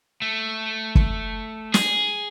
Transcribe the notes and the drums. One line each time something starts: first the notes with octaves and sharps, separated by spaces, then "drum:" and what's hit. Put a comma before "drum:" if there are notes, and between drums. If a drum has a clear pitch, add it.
A3
drum: kick
G#4, drum: snare